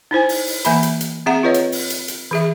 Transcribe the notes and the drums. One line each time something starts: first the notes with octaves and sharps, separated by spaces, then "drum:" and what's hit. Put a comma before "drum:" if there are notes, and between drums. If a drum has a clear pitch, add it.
D#4 E4 C5 G#5
drum: open hi-hat
drum: open hi-hat
E3 A#3 E5 G#5 A#5 B5, drum: hi-hat
drum: hi-hat
drum: hi-hat
C4 G#4 E5 F#5 A#5
F4 G#4 B4 C#5 D#5
drum: hi-hat
drum: open hi-hat
drum: hi-hat
drum: hi-hat
E3 G#4 E5